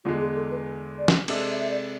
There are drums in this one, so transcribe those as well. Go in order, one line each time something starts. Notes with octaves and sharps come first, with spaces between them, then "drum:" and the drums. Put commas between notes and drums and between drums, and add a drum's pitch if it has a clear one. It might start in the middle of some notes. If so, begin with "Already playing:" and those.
E2 D3 G#3 F4
G#4
A4
B4
D5
drum: snare
C3 G#3 D4 A4 E5, drum: cymbal
E5
E5
D5